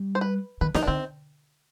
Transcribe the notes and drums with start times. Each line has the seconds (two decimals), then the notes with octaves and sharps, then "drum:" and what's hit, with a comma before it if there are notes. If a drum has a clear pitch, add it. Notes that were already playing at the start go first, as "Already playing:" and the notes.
Already playing: G3
0.15 C5
0.21 B4
0.61 D#3 B4
0.75 D3 D#4, drum: snare
0.83 D4
0.87 D3 C4